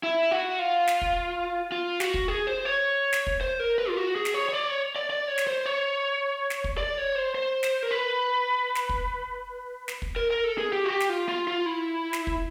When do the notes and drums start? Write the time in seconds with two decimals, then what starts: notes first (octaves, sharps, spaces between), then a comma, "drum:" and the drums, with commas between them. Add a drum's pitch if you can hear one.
0.03 E4
0.31 F#4
0.59 F4
0.87 drum: snare
1.02 drum: kick
1.72 F4
2.00 F#4, drum: snare
2.14 drum: kick
2.28 G#4
2.47 C5
2.65 C#5
3.13 drum: snare
3.27 drum: kick
3.41 C5
3.60 A#4
3.78 B4
3.89 F4
3.97 F#4
4.16 G#4
4.25 drum: snare
4.34 C#5
4.49 C#5
4.53 D5
4.67 C#5
4.96 D5
5.10 D5
5.28 C#5
5.38 drum: snare
5.47 C5
5.66 C#5
6.50 drum: snare
6.64 drum: kick
6.78 D5
6.98 C#5
7.16 C5
7.35 C5
7.63 drum: snare
7.83 A#4
7.91 B4
8.75 drum: snare
8.89 drum: kick
9.88 drum: snare
10.02 drum: kick
10.16 A#4
10.30 A#4
10.44 A4
10.58 G#4
10.73 G4
10.83 F#4
10.90 G4
11.00 drum: snare
11.09 F4
11.28 F4
11.47 F4
11.66 E4
12.13 drum: snare
12.27 drum: kick